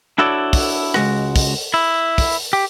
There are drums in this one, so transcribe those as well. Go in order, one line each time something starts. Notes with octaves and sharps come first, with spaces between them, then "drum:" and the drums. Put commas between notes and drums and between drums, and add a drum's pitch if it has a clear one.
D4 E4 F#4 A4 C#5 D5
drum: kick, open hi-hat
C#2 G#3 F#4, drum: rim click
drum: kick, open hi-hat
E4
drum: kick, open hi-hat
G4